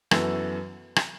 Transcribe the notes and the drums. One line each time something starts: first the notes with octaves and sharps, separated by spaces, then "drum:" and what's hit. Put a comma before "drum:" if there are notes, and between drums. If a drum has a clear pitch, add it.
F#2 E3 B3 F#4 A4, drum: rim click
drum: rim click